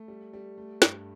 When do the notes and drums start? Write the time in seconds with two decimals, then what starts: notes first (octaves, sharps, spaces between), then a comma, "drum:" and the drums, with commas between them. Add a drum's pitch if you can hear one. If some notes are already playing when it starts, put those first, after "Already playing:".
Already playing: A3
0.08 G3
0.33 G3
0.58 A3
0.82 G2, drum: snare